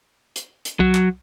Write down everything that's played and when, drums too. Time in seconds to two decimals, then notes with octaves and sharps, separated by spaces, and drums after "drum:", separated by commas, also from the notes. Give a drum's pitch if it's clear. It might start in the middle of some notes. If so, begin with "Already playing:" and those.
0.36 drum: hi-hat
0.65 drum: hi-hat
0.80 F#3, drum: kick C2
0.95 drum: clap